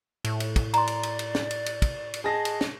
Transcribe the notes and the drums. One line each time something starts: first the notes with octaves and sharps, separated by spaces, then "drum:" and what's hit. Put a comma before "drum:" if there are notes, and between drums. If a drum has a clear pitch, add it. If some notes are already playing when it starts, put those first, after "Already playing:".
A2, drum: cymbal
drum: cymbal
drum: kick, cymbal
D5 A#5 C6, drum: cymbal
drum: cymbal
drum: cymbal
drum: cymbal
drum: snare
drum: cymbal
drum: cymbal
drum: kick, cymbal
drum: cymbal
G#4 D#5 A5 A#6
drum: cymbal
drum: snare